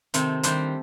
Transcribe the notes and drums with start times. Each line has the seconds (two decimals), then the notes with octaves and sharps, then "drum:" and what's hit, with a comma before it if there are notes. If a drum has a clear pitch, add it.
0.14 C3 D#3 A3 C4, drum: hi-hat
0.43 D#3 G3 D4 G4 C5, drum: hi-hat